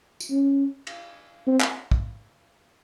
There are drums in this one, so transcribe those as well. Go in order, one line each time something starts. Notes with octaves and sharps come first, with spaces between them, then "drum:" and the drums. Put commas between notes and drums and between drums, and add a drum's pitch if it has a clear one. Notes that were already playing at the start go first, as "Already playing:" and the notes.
drum: tambourine
C#4
drum: cymbal
C4
drum: clap
drum: kick